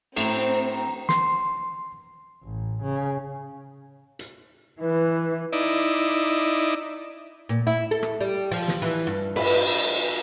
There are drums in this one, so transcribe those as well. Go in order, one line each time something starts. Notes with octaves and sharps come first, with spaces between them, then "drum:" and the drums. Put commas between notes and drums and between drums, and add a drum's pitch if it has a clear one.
A2 C4 A#5, drum: cymbal
C6, drum: snare
A1
C#3
drum: hi-hat
E3 B4
D#4 E4 D5
A#2
E4
A4
drum: rim click
G3
F3, drum: open hi-hat
drum: snare
E3
G2
B4, drum: cymbal